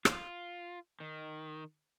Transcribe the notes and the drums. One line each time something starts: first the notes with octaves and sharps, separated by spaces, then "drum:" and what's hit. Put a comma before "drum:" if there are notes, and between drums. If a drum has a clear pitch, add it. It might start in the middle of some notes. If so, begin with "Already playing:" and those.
F4, drum: rim click
D#3